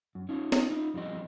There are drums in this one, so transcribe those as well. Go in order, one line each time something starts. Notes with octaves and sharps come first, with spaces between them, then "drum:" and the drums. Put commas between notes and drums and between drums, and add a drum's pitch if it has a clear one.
F#2
C#4 D#4 F4 C#5
drum: snare
D#4 F4
F2 E3 G3 C4 D#5